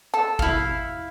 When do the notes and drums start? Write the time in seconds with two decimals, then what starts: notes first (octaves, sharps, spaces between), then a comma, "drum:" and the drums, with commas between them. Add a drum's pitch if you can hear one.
0.14 A4 A5
0.39 E4 F5, drum: kick G#1